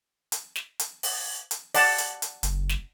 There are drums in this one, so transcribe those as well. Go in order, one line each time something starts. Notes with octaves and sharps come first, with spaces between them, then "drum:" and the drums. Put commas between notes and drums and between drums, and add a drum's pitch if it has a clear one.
drum: hi-hat
drum: snare
drum: hi-hat
drum: open hi-hat
drum: hi-hat
D5 F#5 A5, drum: open hi-hat
drum: hi-hat
drum: hi-hat
F#1, drum: hi-hat
drum: snare